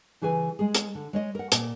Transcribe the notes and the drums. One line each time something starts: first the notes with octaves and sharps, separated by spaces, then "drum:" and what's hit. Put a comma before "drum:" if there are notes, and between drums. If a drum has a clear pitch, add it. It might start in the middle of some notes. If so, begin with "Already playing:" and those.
C#3 E3 G#4 B4 G#5
G#3 G#4
drum: hi-hat
D3
G#3 C#5 D#5
A#4 F#5
A#2, drum: hi-hat